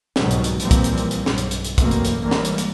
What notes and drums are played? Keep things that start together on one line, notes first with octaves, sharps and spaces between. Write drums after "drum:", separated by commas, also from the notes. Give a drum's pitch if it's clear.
C2 G#2 B2 D#3 F#3, drum: snare
drum: hi-hat
drum: hi-hat
A#2 E3 F3 G3 A#3 C4, drum: hi-hat
drum: kick, hi-hat
drum: hi-hat
drum: hi-hat
drum: hi-hat
B1 G2, drum: snare
drum: hi-hat
drum: hi-hat
drum: hi-hat
A1 F#2 B2 A#3 C4, drum: kick, hi-hat
drum: hi-hat
drum: hi-hat
G2 E3 G3 G#3 A#3
drum: snare
drum: hi-hat
drum: hi-hat